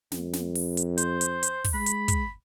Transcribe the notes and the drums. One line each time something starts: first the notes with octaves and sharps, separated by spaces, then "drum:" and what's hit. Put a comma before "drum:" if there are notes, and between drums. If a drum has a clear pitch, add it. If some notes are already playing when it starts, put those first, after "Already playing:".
F2, drum: snare
drum: snare
drum: open hi-hat
drum: hi-hat
C5, drum: hi-hat
drum: hi-hat
drum: hi-hat
drum: kick, open hi-hat
G#3 B5
drum: hi-hat
drum: kick, hi-hat